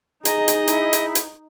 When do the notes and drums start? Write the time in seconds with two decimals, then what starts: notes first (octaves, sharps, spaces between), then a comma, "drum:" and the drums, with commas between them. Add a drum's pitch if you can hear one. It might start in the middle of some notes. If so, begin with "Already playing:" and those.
0.25 D#4 G#4 D#5 A#5, drum: hi-hat
0.48 drum: hi-hat
0.68 E4, drum: hi-hat
0.93 drum: hi-hat
1.15 drum: hi-hat